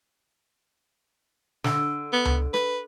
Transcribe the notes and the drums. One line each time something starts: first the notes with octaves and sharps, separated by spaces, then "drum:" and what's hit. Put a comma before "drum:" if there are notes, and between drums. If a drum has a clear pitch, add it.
D3, drum: snare
B3
drum: tom C#2
B4, drum: rim click